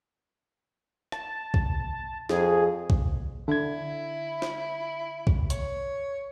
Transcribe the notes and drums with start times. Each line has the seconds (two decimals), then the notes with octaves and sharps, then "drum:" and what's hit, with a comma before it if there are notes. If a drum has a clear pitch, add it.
1.12 A5, drum: rim click
1.54 drum: kick B1
2.29 F2 G#4, drum: snare
2.90 drum: kick B1
3.48 D3 E4 G#6
4.42 drum: snare
5.27 drum: kick B1
5.50 C#5, drum: hi-hat